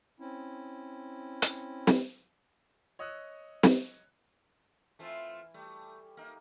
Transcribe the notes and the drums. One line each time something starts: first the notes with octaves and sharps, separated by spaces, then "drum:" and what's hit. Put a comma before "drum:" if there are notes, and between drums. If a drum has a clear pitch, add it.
C4 C#4 E4
drum: hi-hat
drum: snare
C#5 D#5 D#6 E6 F#6
drum: snare
E3 A3 C4 F4
G3 A3 G4
A#3 D#4 F5